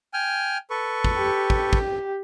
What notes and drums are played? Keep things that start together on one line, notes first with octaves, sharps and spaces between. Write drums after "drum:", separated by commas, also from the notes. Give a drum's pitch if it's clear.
G5 G#5 F6
A4 B4 C#6
drum: kick
G4
drum: kick
drum: kick